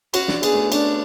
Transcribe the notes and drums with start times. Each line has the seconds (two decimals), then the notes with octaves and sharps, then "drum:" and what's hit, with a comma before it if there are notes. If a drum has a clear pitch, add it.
0.14 C#4 F#4, drum: cymbal
0.28 D4, drum: snare
0.43 B3 G#4, drum: cymbal
0.54 A3
0.58 B3
0.72 C#4 D4, drum: cymbal